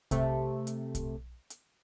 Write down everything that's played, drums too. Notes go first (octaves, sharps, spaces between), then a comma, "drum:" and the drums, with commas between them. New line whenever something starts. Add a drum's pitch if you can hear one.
C3 A3, drum: kick, hi-hat
drum: hi-hat
drum: kick, hi-hat
drum: hi-hat